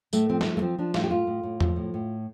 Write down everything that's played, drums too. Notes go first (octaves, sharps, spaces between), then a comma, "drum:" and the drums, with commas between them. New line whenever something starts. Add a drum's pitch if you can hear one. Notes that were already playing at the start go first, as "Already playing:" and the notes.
A2 A3, drum: tambourine
F3 C4
C4, drum: snare G3
F3 A3
A3
F3 C4
F3 D4
A2 F4, drum: snare G3
G4
A2 F4
A2
A2
F3, drum: tom E2
A2
A2